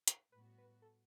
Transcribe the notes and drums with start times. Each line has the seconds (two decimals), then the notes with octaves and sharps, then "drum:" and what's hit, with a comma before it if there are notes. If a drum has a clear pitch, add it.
0.08 drum: hi-hat
0.32 A2 G3 B3 F#4 B4
0.58 B4
0.82 A4